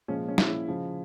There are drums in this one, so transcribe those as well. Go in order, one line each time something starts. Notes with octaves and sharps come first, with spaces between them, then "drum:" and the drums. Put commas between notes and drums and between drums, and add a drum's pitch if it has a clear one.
A#2 F3 G#3 C#4
C#4
E4, drum: snare
C#3 F3 G#3